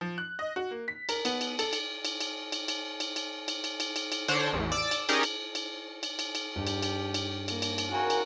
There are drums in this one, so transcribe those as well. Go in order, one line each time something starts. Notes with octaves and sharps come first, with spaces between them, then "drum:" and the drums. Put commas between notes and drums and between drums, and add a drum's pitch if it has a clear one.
F3
F#6
D#5
F#4
A#3
B6
A#4, drum: cymbal
B3, drum: cymbal
drum: cymbal
A4, drum: cymbal
drum: cymbal
drum: cymbal
drum: cymbal
drum: cymbal
drum: cymbal
drum: cymbal
drum: cymbal
drum: cymbal
drum: cymbal
drum: cymbal
drum: cymbal
drum: cymbal
D3 D4 C5 C#5, drum: cymbal
A1 E2
D5 D6 E6
drum: cymbal
C#4 D#4 G4 G#4 A#4 D5, drum: cymbal
drum: cymbal
drum: cymbal
drum: cymbal
drum: cymbal
drum: cymbal
G2 G4
drum: cymbal
drum: cymbal
drum: cymbal
A#3, drum: cymbal
drum: cymbal
drum: cymbal
C#3 F#4 A#4 G#5 C#6
drum: cymbal